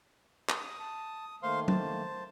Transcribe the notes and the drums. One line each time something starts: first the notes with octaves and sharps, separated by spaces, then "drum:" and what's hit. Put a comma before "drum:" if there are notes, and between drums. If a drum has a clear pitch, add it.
D#6, drum: clap
A5
D#3 A3 A#3 C5 F5 C6
C5 A5, drum: tom